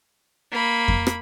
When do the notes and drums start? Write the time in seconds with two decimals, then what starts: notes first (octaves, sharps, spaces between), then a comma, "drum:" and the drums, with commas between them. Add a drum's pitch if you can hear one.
0.51 A#3 B5
0.88 drum: kick F2
1.07 drum: rim click